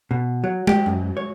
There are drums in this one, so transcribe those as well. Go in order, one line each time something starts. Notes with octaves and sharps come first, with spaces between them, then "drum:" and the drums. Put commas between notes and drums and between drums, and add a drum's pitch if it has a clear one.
B2
F#3
G4, drum: tom G#3
F#2
C#5